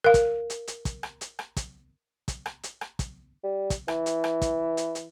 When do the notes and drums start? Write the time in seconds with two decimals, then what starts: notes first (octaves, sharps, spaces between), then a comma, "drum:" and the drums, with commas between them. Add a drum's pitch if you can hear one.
0.04 A#4 F5
0.14 drum: kick, hi-hat
0.50 drum: hi-hat
0.67 drum: hi-hat
0.85 drum: kick, hi-hat
1.03 drum: rim click
1.21 drum: hi-hat
1.39 drum: rim click
1.57 drum: kick, hi-hat
2.28 drum: kick, hi-hat
2.46 drum: rim click
2.63 drum: hi-hat
2.81 drum: rim click
2.99 drum: kick, hi-hat
3.44 G3
3.70 drum: kick, hi-hat
3.88 E3, drum: rim click
4.06 drum: hi-hat
4.24 drum: rim click
4.42 drum: kick, hi-hat
4.77 drum: hi-hat
4.95 drum: hi-hat